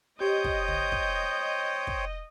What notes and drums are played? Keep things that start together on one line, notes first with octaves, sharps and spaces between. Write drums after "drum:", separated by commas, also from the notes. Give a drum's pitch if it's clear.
G4 C5 C#5 D#5 G5 G6
drum: kick
drum: tom
drum: kick
drum: kick